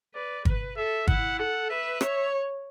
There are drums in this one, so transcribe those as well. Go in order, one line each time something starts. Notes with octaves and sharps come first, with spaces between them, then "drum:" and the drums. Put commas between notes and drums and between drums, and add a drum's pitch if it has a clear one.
B4 D5
B4, drum: kick
A4 E5
E4 F#5, drum: kick
A4 F#5
B4 E5
C#5 E5, drum: rim click